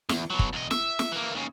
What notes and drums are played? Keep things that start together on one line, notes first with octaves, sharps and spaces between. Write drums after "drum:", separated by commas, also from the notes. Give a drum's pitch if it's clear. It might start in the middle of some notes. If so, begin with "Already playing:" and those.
E2, drum: snare
B2 F#3
drum: kick
E2 D#5
E5, drum: snare
drum: snare
E3 A#3
D#2 C#3